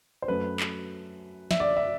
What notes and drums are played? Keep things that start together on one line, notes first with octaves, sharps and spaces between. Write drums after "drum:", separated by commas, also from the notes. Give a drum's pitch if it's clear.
C5
F#2 F#3 A3 B4
drum: clap
E5, drum: snare
D5
E5